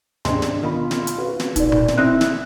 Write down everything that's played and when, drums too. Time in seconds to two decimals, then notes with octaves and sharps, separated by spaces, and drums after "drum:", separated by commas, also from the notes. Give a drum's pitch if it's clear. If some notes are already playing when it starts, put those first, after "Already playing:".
0.25 D#2 G#2 C3 D4 D#5 C6, drum: snare
0.42 drum: snare
0.63 B2 D#3 F4 B5
0.91 drum: snare
1.07 drum: hi-hat
1.18 F#4 B4 F5
1.40 drum: snare
1.56 A#2 D#4 D5, drum: kick, hi-hat
1.72 drum: tom B2
1.88 drum: snare
1.98 C4 D#4 E4 F#6
2.21 drum: snare